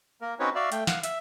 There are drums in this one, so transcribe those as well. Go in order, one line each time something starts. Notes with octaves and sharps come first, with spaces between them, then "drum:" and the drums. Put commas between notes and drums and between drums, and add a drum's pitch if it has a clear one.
A#3 A#4
C4 C#4 D#4 F#4 B4 C#5
F#4 D5 E5 F5
A3 G5, drum: hi-hat
F5 F#5, drum: snare
E5, drum: hi-hat